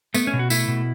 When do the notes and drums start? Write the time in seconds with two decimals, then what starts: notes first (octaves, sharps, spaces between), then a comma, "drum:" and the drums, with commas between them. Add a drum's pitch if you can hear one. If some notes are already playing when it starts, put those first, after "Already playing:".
0.14 A3 B3, drum: tambourine
0.27 C#4
0.33 B2
0.39 F#4
0.50 A3 E4, drum: tambourine
0.68 B2